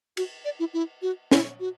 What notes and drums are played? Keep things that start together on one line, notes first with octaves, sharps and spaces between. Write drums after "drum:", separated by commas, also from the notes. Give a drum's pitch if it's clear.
F#4, drum: cymbal
D5
E4
E4
F#4
E4, drum: snare
F#4